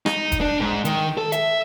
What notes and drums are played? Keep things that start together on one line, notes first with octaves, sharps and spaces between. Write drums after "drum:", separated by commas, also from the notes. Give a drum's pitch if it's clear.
D#4, drum: rim click
drum: kick, hi-hat
D4
G#2
D#3, drum: hi-hat
A4
E5, drum: hi-hat